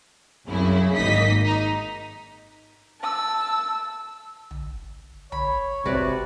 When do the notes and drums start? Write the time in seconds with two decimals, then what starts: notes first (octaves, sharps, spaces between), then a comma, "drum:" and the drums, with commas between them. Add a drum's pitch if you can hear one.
0.47 C2 F#2 C#3 E4
0.94 G#1 A#3 D#4 D#5 B6
1.45 D#4
3.01 A5 E6
4.51 drum: tom
5.32 C#5 B5, drum: tom
5.86 C3 F#4 B4 D5, drum: kick